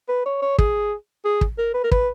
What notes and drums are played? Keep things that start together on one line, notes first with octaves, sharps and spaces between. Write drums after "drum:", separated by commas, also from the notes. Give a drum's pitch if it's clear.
B4
C#5
C#5
G#4, drum: kick
G#4
drum: kick
A#4
B4
A#4
B4, drum: kick